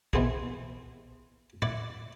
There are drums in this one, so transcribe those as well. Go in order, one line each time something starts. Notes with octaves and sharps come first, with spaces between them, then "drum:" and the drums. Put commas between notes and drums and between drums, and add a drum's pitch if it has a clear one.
B2 E3 B3 C4 G#4, drum: kick
E4 D5 F#5 D6, drum: tom A2